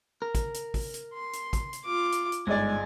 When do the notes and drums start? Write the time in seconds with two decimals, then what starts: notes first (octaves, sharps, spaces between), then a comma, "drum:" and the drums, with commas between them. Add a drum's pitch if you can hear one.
0.22 A#4
0.35 drum: kick, hi-hat
0.54 drum: hi-hat
0.74 drum: kick, open hi-hat
0.94 drum: hi-hat
1.14 C6
1.33 drum: hi-hat
1.53 drum: kick, hi-hat
1.73 drum: hi-hat
1.85 F4 D6
2.12 drum: hi-hat
2.32 drum: hi-hat
2.47 G1 G#2 G#3 D5 G#5